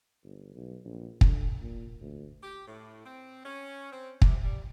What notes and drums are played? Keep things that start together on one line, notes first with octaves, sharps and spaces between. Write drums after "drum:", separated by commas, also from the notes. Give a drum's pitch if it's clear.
G1
B1
A#1
D3, drum: kick
A#2
D2
G4
A2
C4
C#4
C4
C3, drum: kick
G3